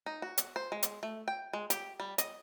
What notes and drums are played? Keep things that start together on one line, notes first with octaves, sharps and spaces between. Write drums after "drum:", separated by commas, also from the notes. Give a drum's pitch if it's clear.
D#4
F#4
drum: hi-hat
C5
G#3
drum: hi-hat
A3
G5
G#3
G4, drum: hi-hat
G3
D#5, drum: hi-hat